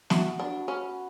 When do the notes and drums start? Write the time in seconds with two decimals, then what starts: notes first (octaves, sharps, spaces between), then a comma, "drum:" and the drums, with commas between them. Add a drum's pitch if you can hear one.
0.10 E4 F#4, drum: snare
0.39 B3 D4
0.68 B3 C#4